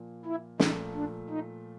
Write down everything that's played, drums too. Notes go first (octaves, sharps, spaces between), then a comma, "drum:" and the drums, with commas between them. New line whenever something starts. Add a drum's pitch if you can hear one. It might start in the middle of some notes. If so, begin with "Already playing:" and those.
Already playing: A#2 F3 A#3
E4
A#2 F3 A3 D#4, drum: snare
D4
D#4